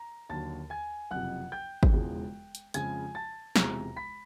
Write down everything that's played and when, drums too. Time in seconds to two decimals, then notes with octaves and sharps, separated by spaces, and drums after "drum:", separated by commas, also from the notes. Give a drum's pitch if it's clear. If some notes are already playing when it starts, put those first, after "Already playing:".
Already playing: A#5
0.29 D#2 D3 F#3 A5 A6
0.70 G#5 G#6
1.11 F#1 F2 C3 F#5 F#6
1.52 G5 G6
1.83 drum: kick G#1
1.93 E1 E2 C#3 F3 G#3
2.55 drum: hi-hat
2.74 F2 C#3 F3 G#3 G#5 G#6, drum: hi-hat
3.15 A5 A6
3.56 E1 E2 C3 F3 G#3 A#5 A#6, drum: snare
3.96 B5 B6